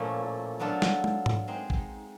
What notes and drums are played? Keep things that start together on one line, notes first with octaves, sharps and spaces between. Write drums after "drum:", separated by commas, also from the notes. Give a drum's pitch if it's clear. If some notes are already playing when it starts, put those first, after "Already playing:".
Already playing: A#2 F3 A3 C#4 E4
F#3 B3 D4 F4 A4
drum: snare
drum: tom
drum: tom G#2
G#3 C4 D#4
drum: kick A1